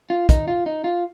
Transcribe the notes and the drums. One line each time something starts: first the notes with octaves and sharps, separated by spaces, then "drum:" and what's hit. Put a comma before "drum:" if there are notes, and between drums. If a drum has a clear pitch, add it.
F4
D#4, drum: kick, hi-hat
F4
D#4
F4